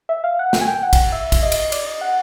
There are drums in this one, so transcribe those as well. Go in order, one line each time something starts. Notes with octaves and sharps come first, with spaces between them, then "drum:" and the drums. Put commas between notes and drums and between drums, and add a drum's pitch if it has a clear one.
E5
F5
F#5
G5, drum: snare
G#5
G5
F#5
drum: kick, cymbal
E5
drum: kick, cymbal
D#5
drum: cymbal
D5, drum: cymbal
D#5
F#5